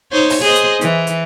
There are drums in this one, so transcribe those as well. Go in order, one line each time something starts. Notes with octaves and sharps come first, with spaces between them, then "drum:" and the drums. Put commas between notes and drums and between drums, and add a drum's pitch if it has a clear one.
D#4 C5 C#5
drum: open hi-hat
G#4 C5 D#5
drum: hi-hat
E3, drum: hi-hat
drum: hi-hat